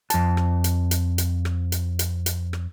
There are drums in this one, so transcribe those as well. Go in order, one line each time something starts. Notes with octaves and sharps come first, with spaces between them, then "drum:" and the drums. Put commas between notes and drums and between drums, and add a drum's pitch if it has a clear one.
F2 A5, drum: hi-hat
drum: rim click
drum: hi-hat
drum: hi-hat
drum: hi-hat
drum: rim click
drum: hi-hat
drum: hi-hat
drum: hi-hat
drum: rim click